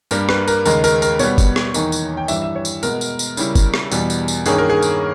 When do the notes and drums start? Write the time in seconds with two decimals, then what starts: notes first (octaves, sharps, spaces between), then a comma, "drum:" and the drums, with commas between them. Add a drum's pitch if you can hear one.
0.11 G2 G3 A#3 A#4, drum: tambourine
0.29 B4, drum: rim click
0.48 A#4, drum: tambourine
0.65 D#2 C#3 G#3 A#4, drum: tambourine
0.84 A#4, drum: tambourine
1.02 A#4, drum: tambourine
1.19 B2 G3 B3 C#5, drum: tambourine
1.38 drum: kick G1, tambourine
1.56 drum: rim click
1.74 E2 D#3 A#3 D#4, drum: tambourine
1.92 drum: tambourine
2.17 G5
2.28 G2 E3 G3 E5, drum: tambourine
2.42 E5
2.56 C#5
2.65 drum: tambourine
2.83 B2 G#3 B3 A#4, drum: tambourine
3.01 drum: tambourine
3.19 drum: tambourine
3.37 C#3 G3 C#4 E4, drum: tambourine
3.55 drum: kick G1, tambourine
3.74 drum: rim click
3.91 E2 B2 G3, drum: tambourine
4.10 drum: tambourine
4.28 drum: tambourine
4.46 G2 D#3 A#3 C#4 G#4, drum: tambourine
4.58 A#4
4.70 G#4
4.82 drum: tambourine